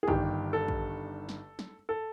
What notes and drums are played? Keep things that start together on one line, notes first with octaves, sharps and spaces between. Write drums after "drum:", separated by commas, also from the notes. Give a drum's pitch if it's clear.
G#4
G1 G2 D#3 G4, drum: kick A1
A4
drum: kick A1
drum: snare
drum: snare
A4